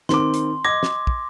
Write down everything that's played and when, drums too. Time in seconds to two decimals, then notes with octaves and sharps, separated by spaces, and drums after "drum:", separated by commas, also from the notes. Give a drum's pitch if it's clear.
0.09 D#3 C4 C6 D6, drum: snare
0.34 drum: hi-hat
0.65 D#5 D6 G#6 A#6
0.83 drum: snare
1.07 drum: kick